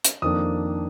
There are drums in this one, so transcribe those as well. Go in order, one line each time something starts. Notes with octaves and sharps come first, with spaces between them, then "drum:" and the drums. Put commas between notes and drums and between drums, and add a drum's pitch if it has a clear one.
drum: hi-hat
F2 D#3 A#3 D4 D#6